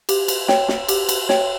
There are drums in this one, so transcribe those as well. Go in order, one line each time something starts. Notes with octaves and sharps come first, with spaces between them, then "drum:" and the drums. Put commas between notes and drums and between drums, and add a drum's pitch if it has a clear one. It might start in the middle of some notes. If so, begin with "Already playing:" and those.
G4, drum: cymbal
drum: cymbal
C#5 G5, drum: snare
drum: snare
G4, drum: cymbal
drum: cymbal
C#5 G5, drum: snare